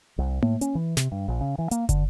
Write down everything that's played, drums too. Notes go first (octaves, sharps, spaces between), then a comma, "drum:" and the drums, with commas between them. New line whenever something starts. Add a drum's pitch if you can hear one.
C2
A2, drum: tom A#3
C#4, drum: hi-hat
E3
C3, drum: snare
G2
A#1
C#3
E3
A#3, drum: hi-hat
D3, drum: kick, hi-hat